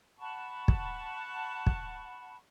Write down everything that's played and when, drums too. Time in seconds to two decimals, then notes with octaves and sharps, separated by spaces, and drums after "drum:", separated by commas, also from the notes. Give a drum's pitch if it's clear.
0.19 F#5 A5 B5 C#6
0.68 drum: kick
1.67 drum: kick